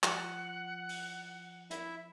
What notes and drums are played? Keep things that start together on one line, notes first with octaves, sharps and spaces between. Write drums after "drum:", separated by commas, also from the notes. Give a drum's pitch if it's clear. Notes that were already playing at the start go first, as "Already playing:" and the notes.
F3 F#5, drum: clap
drum: open hi-hat
E4 E5, drum: hi-hat